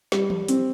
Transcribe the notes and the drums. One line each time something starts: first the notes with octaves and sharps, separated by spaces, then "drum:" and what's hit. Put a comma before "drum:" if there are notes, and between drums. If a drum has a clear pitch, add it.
G3, drum: snare
drum: tom E3
C4, drum: hi-hat